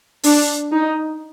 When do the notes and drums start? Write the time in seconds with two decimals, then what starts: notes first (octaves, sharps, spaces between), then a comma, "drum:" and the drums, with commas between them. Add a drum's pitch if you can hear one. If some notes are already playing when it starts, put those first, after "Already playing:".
0.23 D4, drum: open hi-hat
0.71 D#4